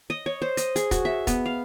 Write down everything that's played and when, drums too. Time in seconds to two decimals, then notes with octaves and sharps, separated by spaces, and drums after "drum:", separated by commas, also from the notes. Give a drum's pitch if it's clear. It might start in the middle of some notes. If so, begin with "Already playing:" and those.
0.10 D#5
0.26 C#5
0.42 C5
0.57 D#5, drum: hi-hat
0.76 G#4, drum: hi-hat
0.91 F#4, drum: kick, hi-hat
1.05 E5
1.27 B3, drum: kick, hi-hat
1.46 F5